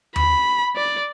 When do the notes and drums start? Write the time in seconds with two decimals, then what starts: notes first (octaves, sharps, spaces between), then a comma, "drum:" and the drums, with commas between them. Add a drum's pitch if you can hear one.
0.16 B5, drum: tom D#2
0.76 D5